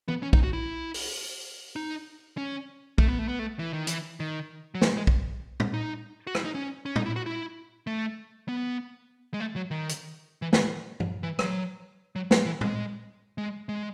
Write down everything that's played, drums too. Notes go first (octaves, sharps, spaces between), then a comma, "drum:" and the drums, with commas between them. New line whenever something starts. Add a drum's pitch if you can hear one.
B3, drum: tom E3
C#4
D#4, drum: kick
F#4
E4
drum: open hi-hat
D#4
C#4
A3, drum: kick
B3
A3
B3
A3
E3
D#3
E3, drum: hi-hat
D#3
F#3
E3, drum: snare
G#3
drum: kick
drum: tom A2
D#4
F#4
E4, drum: rim click
D#4
C#4
C#4
D#4, drum: tom A2
E4
F#4
E4
A3
B3
G#3
A3
F#3
D#3
drum: hi-hat
E3
D#3, drum: snare
drum: tom G2
E3
F#3, drum: rim click
F#3
F#3, drum: snare
E3
G#3, drum: tom A2
G#3
G#3